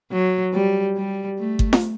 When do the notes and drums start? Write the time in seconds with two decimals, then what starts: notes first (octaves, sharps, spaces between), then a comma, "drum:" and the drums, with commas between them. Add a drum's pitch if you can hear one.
0.12 F#3
0.54 G3
0.97 G3
1.39 A3
1.59 drum: kick G1
1.73 drum: snare